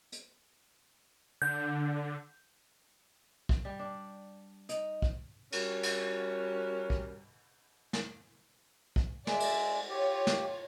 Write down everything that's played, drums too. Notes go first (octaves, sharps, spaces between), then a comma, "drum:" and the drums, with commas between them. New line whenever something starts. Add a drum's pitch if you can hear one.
drum: hi-hat
D3 G6
drum: kick
G3
D4
D#4, drum: hi-hat
drum: kick
G3 C#4 F#4 A#4, drum: cymbal
drum: cymbal
drum: kick
drum: snare
drum: kick
G#3 D5 E5, drum: snare
drum: cymbal
F4 G4 C#5
drum: snare